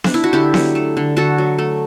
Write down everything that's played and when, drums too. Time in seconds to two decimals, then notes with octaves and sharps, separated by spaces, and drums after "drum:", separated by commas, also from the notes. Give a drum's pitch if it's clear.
0.04 D4, drum: snare B3
0.14 E4
0.24 F#4
0.33 D3 E4 G4
0.54 F#3, drum: snare B3
0.75 A3
0.97 D3
1.16 D3 F#4 A4
1.38 F#3
1.58 A3